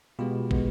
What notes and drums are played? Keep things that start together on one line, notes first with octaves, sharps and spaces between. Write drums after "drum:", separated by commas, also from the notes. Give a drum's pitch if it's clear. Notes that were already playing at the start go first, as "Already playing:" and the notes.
B2 G#3 B3 F4 G4
B2 G#3 B3, drum: kick